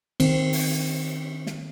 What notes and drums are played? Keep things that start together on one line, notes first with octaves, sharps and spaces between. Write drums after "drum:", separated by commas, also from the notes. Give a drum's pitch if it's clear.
D#3 C4, drum: cymbal
drum: open hi-hat
drum: snare